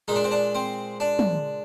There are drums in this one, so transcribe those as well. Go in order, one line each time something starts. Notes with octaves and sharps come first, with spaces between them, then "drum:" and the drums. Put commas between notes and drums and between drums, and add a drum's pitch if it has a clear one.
A#2 G#3 D#4
D4
C4
D4
C4
D4
drum: tom